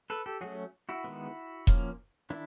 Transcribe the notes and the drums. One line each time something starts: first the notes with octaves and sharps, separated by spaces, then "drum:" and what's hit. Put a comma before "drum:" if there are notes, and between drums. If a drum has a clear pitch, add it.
A4 B4
G4 A4
F#3 A3 C#4 F#4 G#4
E4 F#4
D#3 G#3 B3
F3 A#3 C#4, drum: kick E1
D#3 D4 E4